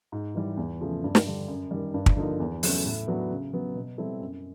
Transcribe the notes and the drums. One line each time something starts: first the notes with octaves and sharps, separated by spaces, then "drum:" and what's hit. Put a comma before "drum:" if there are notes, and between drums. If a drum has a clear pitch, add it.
G#2
E3 G3
E2
C#3 F3 A3
G2
drum: snare
D3 G3
F#2
D#3 G3
G2
drum: kick
D3 F3 A#3 D#4
E2
C#3 F#3 A3 C#4, drum: open hi-hat
A2
F#3 B3 D4 F#4
C#3
F#3 B3
B2
G3 C4 E4 A4
F#2